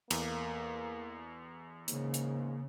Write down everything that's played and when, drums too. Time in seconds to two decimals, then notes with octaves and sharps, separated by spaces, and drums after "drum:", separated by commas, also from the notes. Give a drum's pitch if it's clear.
0.11 E2 A#3, drum: cymbal
1.88 G#2 C#3 A#3, drum: hi-hat
2.14 drum: hi-hat